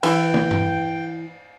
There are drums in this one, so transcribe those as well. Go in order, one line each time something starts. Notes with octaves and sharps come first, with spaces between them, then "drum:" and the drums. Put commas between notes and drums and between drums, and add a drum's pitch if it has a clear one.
E3 G5, drum: cymbal
drum: tom
drum: tom G2